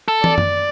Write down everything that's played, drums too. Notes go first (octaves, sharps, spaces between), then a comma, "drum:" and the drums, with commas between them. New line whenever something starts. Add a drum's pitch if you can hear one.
A4
D5, drum: tom
drum: tom F#2